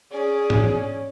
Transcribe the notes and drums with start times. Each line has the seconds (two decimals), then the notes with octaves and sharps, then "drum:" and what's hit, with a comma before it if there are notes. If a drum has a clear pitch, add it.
0.11 C#4 G#4 D5
0.50 drum: tom G#2